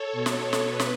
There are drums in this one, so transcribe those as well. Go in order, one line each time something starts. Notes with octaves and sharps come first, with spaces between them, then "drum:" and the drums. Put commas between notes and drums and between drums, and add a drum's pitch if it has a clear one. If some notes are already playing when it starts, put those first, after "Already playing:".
Already playing: A4 C#5
B2
drum: snare
drum: snare
B2 B4
drum: snare